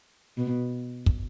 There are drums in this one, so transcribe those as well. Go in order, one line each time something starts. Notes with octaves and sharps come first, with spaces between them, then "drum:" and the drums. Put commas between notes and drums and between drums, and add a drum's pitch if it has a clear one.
B2
drum: kick